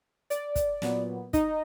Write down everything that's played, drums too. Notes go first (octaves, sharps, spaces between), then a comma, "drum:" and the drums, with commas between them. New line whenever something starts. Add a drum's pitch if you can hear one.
D5, drum: hi-hat
drum: kick, hi-hat
A#2 F#3 B3, drum: snare
D#4 D#5, drum: kick, hi-hat